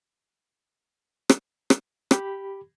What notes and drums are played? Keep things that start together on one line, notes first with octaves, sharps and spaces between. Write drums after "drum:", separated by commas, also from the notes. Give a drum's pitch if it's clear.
drum: rim click
drum: rim click
G4 B5, drum: rim click